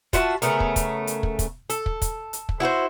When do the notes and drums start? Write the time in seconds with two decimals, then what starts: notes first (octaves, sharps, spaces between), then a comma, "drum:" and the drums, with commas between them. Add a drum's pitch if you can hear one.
0.13 F4 F#4 E5 A5, drum: kick, hi-hat
0.42 C#3 A3 B3 A#4, drum: hi-hat
0.60 drum: kick
0.76 drum: kick, hi-hat
1.07 drum: hi-hat
1.23 drum: kick
1.39 drum: kick, hi-hat
1.70 A4, drum: hi-hat
1.86 drum: kick
2.02 drum: kick, hi-hat
2.33 drum: hi-hat
2.49 drum: kick
2.60 E4 F#4 B4 C5